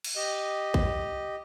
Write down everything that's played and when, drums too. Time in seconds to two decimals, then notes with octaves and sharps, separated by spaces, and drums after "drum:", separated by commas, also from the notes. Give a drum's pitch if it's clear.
0.04 drum: cymbal
0.16 G4 D#5
0.74 drum: kick